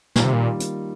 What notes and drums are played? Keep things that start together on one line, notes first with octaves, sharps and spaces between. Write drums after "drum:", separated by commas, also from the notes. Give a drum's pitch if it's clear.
A#2 D#3 G3 A#3 F4, drum: snare
C3
A#2
drum: hi-hat